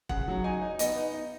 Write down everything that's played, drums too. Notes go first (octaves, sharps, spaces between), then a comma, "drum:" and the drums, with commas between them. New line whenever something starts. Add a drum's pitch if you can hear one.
C#3 F#5, drum: kick E1
F#3
D#4 G#5
D#4
B3 D#5, drum: hi-hat
D#4
D#4